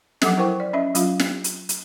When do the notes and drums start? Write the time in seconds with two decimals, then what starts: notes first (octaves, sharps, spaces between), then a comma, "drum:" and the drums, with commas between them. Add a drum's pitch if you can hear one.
0.22 F3 F#3 A4 F#5 D6, drum: snare
0.38 E4 A#4 C5 G5 C#6
0.60 D5
0.73 C#4 D#5 E5
0.95 F#3 C#4 F4 F5, drum: hi-hat
1.19 drum: snare
1.44 drum: hi-hat
1.69 drum: hi-hat